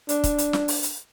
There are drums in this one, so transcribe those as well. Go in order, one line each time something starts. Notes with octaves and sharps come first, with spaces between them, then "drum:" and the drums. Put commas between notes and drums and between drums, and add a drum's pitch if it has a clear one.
D4, drum: hi-hat
drum: kick, hi-hat
drum: hi-hat
drum: snare
drum: open hi-hat
drum: hi-hat